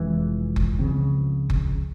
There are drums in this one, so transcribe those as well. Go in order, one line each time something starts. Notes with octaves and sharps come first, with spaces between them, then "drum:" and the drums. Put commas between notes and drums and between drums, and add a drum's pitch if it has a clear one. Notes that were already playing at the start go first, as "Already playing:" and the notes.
Already playing: F1 F2 E3 G#3
drum: kick F#1
C#2 C#3 F3 C4
drum: kick F#1